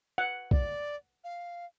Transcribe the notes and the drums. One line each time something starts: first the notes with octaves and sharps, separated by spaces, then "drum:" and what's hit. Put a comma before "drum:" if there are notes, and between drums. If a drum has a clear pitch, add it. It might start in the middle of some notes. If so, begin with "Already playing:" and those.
F#5
D5, drum: kick
F5